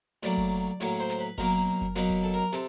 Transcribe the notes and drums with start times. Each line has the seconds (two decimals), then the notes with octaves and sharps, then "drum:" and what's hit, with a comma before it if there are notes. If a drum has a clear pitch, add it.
0.23 A2 F#3 A#3 D5, drum: snare
0.38 drum: kick F#1, hi-hat
0.66 drum: hi-hat
0.80 A2 F#3 A#3 C#5, drum: snare
1.00 C5
1.09 drum: snare
1.19 B4
1.38 B2 F#3 A#3 A#4, drum: kick F#1
1.53 drum: hi-hat
1.81 drum: kick F#1, hi-hat
1.96 B2 F#3 A#3 B4, drum: snare
2.10 drum: kick F#1, hi-hat
2.23 A4
2.34 A#4
2.53 C3 A4, drum: snare